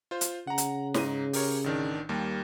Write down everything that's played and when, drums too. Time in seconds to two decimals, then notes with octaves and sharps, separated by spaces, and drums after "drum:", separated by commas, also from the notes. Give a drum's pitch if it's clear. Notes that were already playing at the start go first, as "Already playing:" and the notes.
0.11 F4 C5
0.21 drum: hi-hat
0.47 C#3 F#5 A#5
0.58 drum: hi-hat
0.94 G#2 D#4 D#7, drum: snare
1.33 G4 A#4 C#5, drum: open hi-hat
1.64 A1 D#3 D4
2.09 D#2 G3 A#3